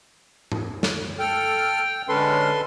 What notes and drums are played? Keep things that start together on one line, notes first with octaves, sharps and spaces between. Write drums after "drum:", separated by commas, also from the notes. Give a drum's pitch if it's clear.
drum: tom G#2
drum: snare
A4 G5 F6
D3 G#3 C#4 A4 B4 C6